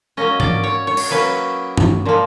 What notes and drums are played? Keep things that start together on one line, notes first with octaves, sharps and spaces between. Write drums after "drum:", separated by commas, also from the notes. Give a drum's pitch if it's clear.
F#3 A#3 C#4 D#5
D5, drum: tom G#2
C#5
C#5
drum: cymbal
F#3 A#3 C#4 B4
drum: tom
A#2 F3 A#3